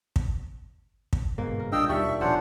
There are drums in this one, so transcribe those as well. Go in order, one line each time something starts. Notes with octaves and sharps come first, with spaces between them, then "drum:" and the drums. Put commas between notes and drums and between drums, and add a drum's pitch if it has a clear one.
drum: kick
drum: kick
G1 G#2 B2 A#3
A#4
A#1 G3 D4 F4 D#5 F5 G5 E6
D#2 B2 D#3 G3 D4 E5 C#6
D#1 B2 F3 A#3 C#4 D4 C5 F#5